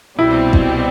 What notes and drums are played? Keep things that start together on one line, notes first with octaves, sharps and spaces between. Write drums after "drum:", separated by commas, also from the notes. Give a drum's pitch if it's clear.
C2 B2 G3 C4 E4
drum: kick